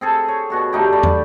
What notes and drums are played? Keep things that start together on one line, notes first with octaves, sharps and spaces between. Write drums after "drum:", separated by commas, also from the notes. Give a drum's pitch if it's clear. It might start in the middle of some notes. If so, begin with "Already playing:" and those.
C4 G#4 A4
C#5
B2 F#4 C#6
D3 A3 D#4 G4
D5 B5 C#6
drum: tom